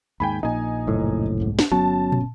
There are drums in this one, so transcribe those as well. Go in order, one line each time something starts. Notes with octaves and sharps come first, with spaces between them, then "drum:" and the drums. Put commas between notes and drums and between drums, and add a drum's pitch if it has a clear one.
D#2 G#2 G5 G#5 B5
A#1 A#2 D#4 G#5
F#1 A2
B1 G#2
drum: snare
G1 F#3 B3 C#4 A5
drum: tom